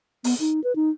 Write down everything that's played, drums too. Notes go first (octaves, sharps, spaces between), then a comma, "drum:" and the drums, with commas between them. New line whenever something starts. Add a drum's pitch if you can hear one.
B3, drum: open hi-hat
D#4
B4
D#4